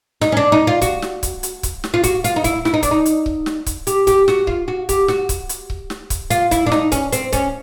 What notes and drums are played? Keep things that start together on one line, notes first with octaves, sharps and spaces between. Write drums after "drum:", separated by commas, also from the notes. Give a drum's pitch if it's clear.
D#4, drum: snare
C#4
D4
D#4
F4
F#4, drum: kick C#1, hi-hat
drum: snare
drum: kick C#1, hi-hat
drum: hi-hat
drum: kick C#1, hi-hat
drum: snare
F4
F#4, drum: kick C#1, hi-hat
F4, drum: hi-hat
D#4
E4, drum: kick C#1, hi-hat
E4, drum: snare
D#4
D4, drum: kick C#1, hi-hat
D#4
drum: hi-hat
drum: kick C#1
drum: snare
drum: kick C#1, hi-hat
G4, drum: hi-hat
G4, drum: kick C#1, hi-hat
F#4, drum: snare
F4, drum: kick C#1
F#4
G4, drum: kick C#1, hi-hat
F#4, drum: snare
drum: kick C#1, hi-hat
drum: hi-hat
drum: kick C#1
drum: snare
drum: kick C#1, hi-hat
F4, drum: hi-hat
E4, drum: kick C#1, hi-hat
D4
D#4, drum: snare
C#4, drum: kick C#1, hi-hat
C4, drum: hi-hat
C#4, drum: kick C#1, hi-hat